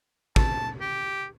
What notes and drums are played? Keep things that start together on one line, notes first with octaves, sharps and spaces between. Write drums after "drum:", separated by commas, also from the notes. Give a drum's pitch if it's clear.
A5, drum: kick
G4